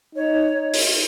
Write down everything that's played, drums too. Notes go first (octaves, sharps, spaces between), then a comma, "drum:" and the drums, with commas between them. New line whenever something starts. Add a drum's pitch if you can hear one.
D#4 C#5
drum: open hi-hat